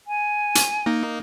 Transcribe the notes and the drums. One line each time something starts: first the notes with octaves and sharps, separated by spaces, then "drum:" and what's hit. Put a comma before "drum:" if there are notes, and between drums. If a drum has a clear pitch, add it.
G#5
drum: hi-hat
A#3 D#4